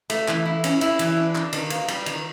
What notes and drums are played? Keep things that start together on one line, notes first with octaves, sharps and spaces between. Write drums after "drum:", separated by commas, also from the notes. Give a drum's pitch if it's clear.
A3, drum: cymbal
E3, drum: clap
E4
C#4, drum: cymbal
E4, drum: cymbal
E3, drum: cymbal
D4
D4, drum: clap
D#3, drum: cymbal
A#3, drum: cymbal
G3, drum: cymbal
D#3, drum: cymbal